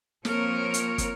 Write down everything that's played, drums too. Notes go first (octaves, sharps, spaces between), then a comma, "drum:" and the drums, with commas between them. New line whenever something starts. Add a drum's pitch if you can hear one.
F3 A#3 C4 A#4 C#5, drum: snare
drum: hi-hat
drum: kick, hi-hat